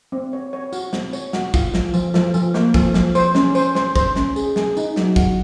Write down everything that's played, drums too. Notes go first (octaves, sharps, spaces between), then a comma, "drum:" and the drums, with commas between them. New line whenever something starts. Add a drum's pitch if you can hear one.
C4
C#5
C#5
F#4, drum: tambourine
C4, drum: snare
C#5, drum: tambourine
F#4, drum: snare
F4, drum: kick, tambourine
F3, drum: snare
F3, drum: tambourine
F3, drum: snare
F3, drum: tambourine
A#3, drum: snare
F3, drum: kick, tambourine
F3, drum: snare
C5, drum: tambourine
C#4, drum: snare
C5, drum: tambourine
C5, drum: snare
C5, drum: kick, tambourine
C#4, drum: snare
G#4, drum: tambourine
G#4, drum: snare
D#4, drum: tambourine
F#3, drum: snare
F#4, drum: kick, tambourine